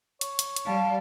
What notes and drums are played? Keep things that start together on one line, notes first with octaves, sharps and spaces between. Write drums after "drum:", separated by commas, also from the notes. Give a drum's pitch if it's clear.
C#5, drum: hi-hat
drum: hi-hat
drum: hi-hat
G3 F5 A5